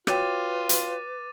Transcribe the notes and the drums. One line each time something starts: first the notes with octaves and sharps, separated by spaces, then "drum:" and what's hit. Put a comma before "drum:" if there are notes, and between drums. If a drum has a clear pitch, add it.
F4 F#4 B4 C#5 G5 D6 A6 D#7, drum: rim click
drum: hi-hat